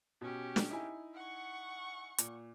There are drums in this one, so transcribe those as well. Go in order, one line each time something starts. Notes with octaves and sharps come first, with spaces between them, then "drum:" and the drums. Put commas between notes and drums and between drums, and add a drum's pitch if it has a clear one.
B2 C#4 G4
drum: snare
D#4 E4 G#5
F#5 C#6
A#2, drum: hi-hat